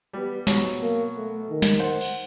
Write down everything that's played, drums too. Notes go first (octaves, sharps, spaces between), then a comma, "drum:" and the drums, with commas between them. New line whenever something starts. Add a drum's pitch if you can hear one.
G3 B3
G#2 B2 F#3, drum: snare
A#3
A3
D#3
drum: snare
C5 F#5
drum: cymbal